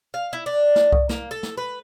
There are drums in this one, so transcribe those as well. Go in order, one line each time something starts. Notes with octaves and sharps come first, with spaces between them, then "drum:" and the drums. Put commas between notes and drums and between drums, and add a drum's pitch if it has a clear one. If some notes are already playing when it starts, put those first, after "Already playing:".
F5
E4
D4
drum: snare
drum: kick C2
A#3, drum: snare
A4
drum: snare
B4